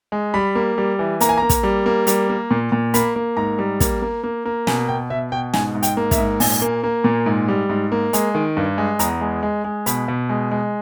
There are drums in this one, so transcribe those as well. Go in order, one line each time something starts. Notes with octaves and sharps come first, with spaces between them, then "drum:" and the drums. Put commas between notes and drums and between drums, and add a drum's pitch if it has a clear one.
G#3
G3 B5
A#3
G3
E3
A#3 A#5, drum: hi-hat
G#5
A#3 A#5
drum: kick, hi-hat
G3
A#3
G3, drum: hi-hat
A#3
A#2
A#2
A#3 B5, drum: hi-hat
A#3
G#2 A#5
G3
A#3, drum: kick, hi-hat
A#3
A#3
A#3
B2 G#5, drum: snare
B2 G5
B2 E5
B2 G5
G#2 G#5, drum: snare
G#2
G5, drum: hi-hat
A#3
E5, drum: kick, hi-hat
G#2
A#2 G#5, drum: open hi-hat
A#3
A#3
A#2
G#2
G3
G#2
A#3
G#3, drum: hi-hat
D#3
G2
G#3
E2 A#5, drum: hi-hat
G#3
G#3
G#3
B2 B5, drum: hi-hat
B2
G#3
G#3